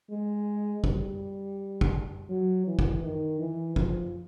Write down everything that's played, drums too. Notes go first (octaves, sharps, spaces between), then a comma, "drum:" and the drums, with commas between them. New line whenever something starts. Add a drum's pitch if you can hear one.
G#3
G3, drum: kick
drum: kick
F#3
E3
drum: kick
D#3
E3
F3, drum: kick